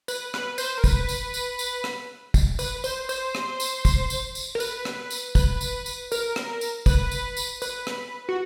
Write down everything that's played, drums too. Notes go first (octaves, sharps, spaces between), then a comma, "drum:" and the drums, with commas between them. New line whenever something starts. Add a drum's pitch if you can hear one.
B4, drum: tambourine
B4, drum: rim click
C5, drum: tambourine
A#4
B4, drum: kick, tambourine
drum: tambourine
drum: tambourine
drum: tambourine
drum: rim click
drum: kick, tambourine
B4, drum: tambourine
C5, drum: tambourine
C5, drum: tambourine
drum: rim click
drum: tambourine
drum: kick, tambourine
drum: tambourine
drum: tambourine
A#4
B4, drum: tambourine
drum: rim click
drum: tambourine
B4, drum: kick, tambourine
drum: tambourine
drum: tambourine
A#4, drum: tambourine
drum: rim click
drum: tambourine
B4, drum: kick, tambourine
drum: tambourine
drum: tambourine
B4, drum: tambourine
drum: rim click
F#4